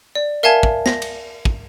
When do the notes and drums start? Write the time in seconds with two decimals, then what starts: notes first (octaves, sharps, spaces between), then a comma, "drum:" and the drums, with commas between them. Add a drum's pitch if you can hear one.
0.15 D5
0.43 A#4 E5 F5 G#5 A5 G#6
0.63 drum: kick
0.86 A#6, drum: snare
1.02 drum: cymbal
1.45 drum: kick